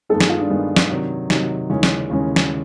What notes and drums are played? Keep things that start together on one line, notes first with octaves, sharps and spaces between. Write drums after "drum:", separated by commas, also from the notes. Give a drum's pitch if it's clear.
G2 D#3 G#3 B3 D#4 A4
G#4, drum: snare
F4
D4
G2 D#3 G#3 B3 D#4
drum: snare
C3 D#3 F#3
C3 D#3 F#3 D#4, drum: snare
D#2 C#3 E3 G#3 C#4
drum: snare
D#2 C#3 E3 G#3 C#4
drum: snare